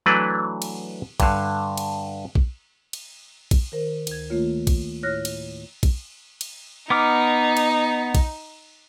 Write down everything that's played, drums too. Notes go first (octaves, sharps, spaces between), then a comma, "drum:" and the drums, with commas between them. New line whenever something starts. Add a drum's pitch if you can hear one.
E3 F#3 A3 D4 B4
drum: cymbal
G2 D3, drum: kick A#1, cymbal
drum: cymbal
drum: kick A#1
drum: cymbal
drum: kick A#1, cymbal
D#3 A#4 C5
D2 G#6, drum: cymbal
D#3 A3 A#3 F4 C#5
drum: kick A#1, cymbal
A2 E4 C#5 F6 F#6 A#6
drum: cymbal
drum: kick A#1, cymbal
drum: cymbal
B3 D#4 D6 F6
drum: cymbal
drum: kick A#1, cymbal